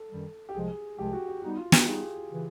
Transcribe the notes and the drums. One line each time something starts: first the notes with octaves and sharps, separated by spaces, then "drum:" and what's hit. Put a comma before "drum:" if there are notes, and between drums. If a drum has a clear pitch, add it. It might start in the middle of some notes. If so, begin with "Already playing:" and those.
Already playing: A4
F#2 D#3 G3
G4
C2 C3 F3 G#3 G#4
C2 C3 F3 G#3 G4
F#4
G4
G3 B3 D#4 F#4
F4
G4, drum: snare
G3 B3 D#4 G#4
C#3 E3